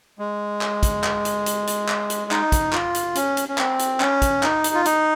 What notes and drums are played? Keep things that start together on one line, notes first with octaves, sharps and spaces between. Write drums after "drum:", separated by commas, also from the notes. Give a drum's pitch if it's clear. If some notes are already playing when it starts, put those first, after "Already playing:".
G#3
drum: clap
drum: kick, hi-hat
drum: clap
drum: hi-hat
drum: hi-hat
drum: hi-hat
drum: clap
drum: hi-hat
D#4, drum: clap
drum: kick, hi-hat
F4, drum: clap
drum: hi-hat
C#4, drum: hi-hat
drum: hi-hat
C#4
C4, drum: clap
drum: hi-hat
C#4, drum: clap
drum: kick, hi-hat
D#4, drum: clap
drum: hi-hat
F4
D#4, drum: hi-hat